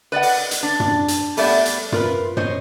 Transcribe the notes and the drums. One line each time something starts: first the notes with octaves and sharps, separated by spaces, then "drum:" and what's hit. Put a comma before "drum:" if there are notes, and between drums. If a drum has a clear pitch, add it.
B4 D5 D#5 F#5
drum: open hi-hat
drum: hi-hat
D4
drum: tom
drum: hi-hat
G3 A3 B3 G4 D5 E5, drum: open hi-hat
drum: hi-hat
F4 A#4 B4, drum: tom
C5 C#5 D#5, drum: tom